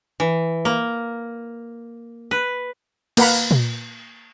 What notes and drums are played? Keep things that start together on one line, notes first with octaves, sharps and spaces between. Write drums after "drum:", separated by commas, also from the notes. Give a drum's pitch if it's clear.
E3
A#3
B4
A#3 B4 F#5 A#5 B5, drum: cymbal
drum: tom A#2